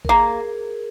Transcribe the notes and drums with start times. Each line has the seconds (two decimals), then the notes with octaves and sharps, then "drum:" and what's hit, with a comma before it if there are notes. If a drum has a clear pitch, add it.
0.05 A#4, drum: kick A1
0.09 A#3 G#4